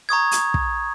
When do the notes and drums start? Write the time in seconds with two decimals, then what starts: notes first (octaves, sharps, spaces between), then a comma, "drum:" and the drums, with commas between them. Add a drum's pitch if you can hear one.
0.09 A#5 C#6 D#6 G#6
0.31 drum: hi-hat
0.54 drum: kick